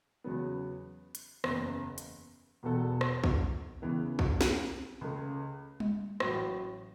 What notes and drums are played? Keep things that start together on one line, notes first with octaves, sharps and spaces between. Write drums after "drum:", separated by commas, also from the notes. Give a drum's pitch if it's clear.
E2 C#3 F#3 B3
drum: hi-hat
F#1 E2 C#3, drum: rim click
drum: hi-hat
E1 E2 B2 B3 A4
drum: rim click
drum: kick
E2 C#3 E3 B3
drum: kick
drum: snare
C#2 C#3 A3
drum: tom G3
A1 A2 F#3, drum: rim click